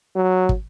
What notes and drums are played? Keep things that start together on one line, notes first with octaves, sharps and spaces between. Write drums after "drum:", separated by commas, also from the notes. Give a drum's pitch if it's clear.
F#3
drum: kick